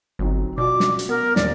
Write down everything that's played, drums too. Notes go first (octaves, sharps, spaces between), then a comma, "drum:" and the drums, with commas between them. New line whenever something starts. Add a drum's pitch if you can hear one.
G1 F#3 C4 D#4
B2 F4 F#4 D5 D6
drum: snare
drum: hi-hat
B3 A#4
D#2 A#2 C#3 D5, drum: snare